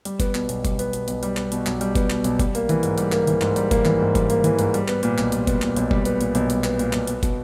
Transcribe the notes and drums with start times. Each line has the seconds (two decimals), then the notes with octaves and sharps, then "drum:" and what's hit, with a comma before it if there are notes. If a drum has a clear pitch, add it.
0.05 G3, drum: hi-hat
0.20 B3, drum: kick, hi-hat
0.35 B2, drum: clap
0.49 B1, drum: hi-hat
0.65 G3, drum: kick, hi-hat
0.79 B3, drum: hi-hat
0.93 B2, drum: hi-hat
1.08 B1, drum: hi-hat
1.23 G3, drum: hi-hat
1.37 B3, drum: clap
1.52 B2, drum: hi-hat
1.67 B1, drum: clap
1.81 G3, drum: hi-hat
1.95 B3, drum: kick, hi-hat
2.10 B2, drum: clap
2.24 B1, drum: hi-hat
2.39 G3, drum: kick, hi-hat
2.55 A#3, drum: hi-hat
2.69 E3, drum: hi-hat
2.83 G#2, drum: hi-hat
2.98 G3, drum: hi-hat
3.12 A#3, drum: clap
3.27 E3, drum: hi-hat
3.41 G#2, drum: clap
3.56 G3, drum: hi-hat
3.71 A#3, drum: kick, hi-hat
3.85 E3, drum: clap
4.00 G#2
4.15 G3, drum: kick, hi-hat
4.30 A#3, drum: hi-hat
4.44 E3, drum: hi-hat
4.59 G#2, drum: hi-hat
4.74 G3, drum: hi-hat
4.88 B3, drum: clap
5.03 A#2, drum: hi-hat
5.18 B1, drum: clap
5.32 G3, drum: hi-hat
5.47 B3, drum: kick, hi-hat
5.62 A#2, drum: clap
5.76 B1, drum: hi-hat
5.91 G3, drum: kick
6.05 B3, drum: hi-hat
6.21 A#2, drum: hi-hat
6.35 B1, drum: hi-hat
6.50 G3, drum: hi-hat
6.64 B3, drum: clap
6.79 A#2, drum: hi-hat
6.93 B1, drum: clap
7.07 B3, drum: hi-hat
7.23 B2, drum: kick, hi-hat